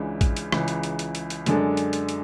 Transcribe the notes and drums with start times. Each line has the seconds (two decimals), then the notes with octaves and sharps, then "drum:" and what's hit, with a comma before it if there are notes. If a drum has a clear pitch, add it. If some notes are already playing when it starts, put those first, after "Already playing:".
Already playing: C#2 C#3 E3 G#3 D4
0.21 drum: kick A1, hi-hat
0.37 drum: hi-hat
0.52 C#2 C#3 E3, drum: rim click
0.68 drum: hi-hat
0.83 drum: hi-hat
0.99 drum: hi-hat
1.15 drum: hi-hat
1.30 drum: hi-hat
1.46 F#2 D3 G#3 D4 A4, drum: hi-hat
1.77 drum: hi-hat
1.93 drum: hi-hat
2.09 drum: hi-hat